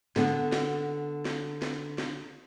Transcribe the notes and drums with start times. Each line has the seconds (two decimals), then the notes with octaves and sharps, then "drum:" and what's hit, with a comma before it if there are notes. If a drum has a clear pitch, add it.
0.16 D3 B3, drum: snare
0.52 drum: snare
1.25 drum: snare
1.62 drum: snare
1.98 drum: snare